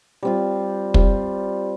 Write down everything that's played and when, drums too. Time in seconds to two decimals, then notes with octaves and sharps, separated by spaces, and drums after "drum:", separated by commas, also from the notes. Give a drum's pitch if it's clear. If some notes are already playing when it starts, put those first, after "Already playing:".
0.23 G3 C4 F4
0.94 G3 C4 F4, drum: kick